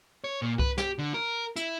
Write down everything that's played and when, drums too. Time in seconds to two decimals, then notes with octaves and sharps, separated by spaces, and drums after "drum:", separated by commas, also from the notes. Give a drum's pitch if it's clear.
0.24 C#5
0.42 A#2
0.59 B4, drum: kick C2
0.78 G4, drum: snare
0.99 D3
1.14 A#4
1.56 E4, drum: hi-hat